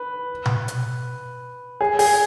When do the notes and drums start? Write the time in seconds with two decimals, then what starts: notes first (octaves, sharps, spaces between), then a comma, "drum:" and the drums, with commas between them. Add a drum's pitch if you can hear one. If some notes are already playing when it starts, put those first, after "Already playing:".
Already playing: B4
0.46 drum: tom B2
0.68 drum: hi-hat
1.81 G#4
1.99 G#4, drum: open hi-hat